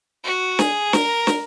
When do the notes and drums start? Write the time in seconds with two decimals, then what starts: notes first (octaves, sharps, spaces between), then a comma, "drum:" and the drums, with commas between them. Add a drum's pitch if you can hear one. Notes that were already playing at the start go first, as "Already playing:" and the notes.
0.25 F#4
0.59 G#4, drum: snare
0.93 A#4, drum: snare
1.27 drum: snare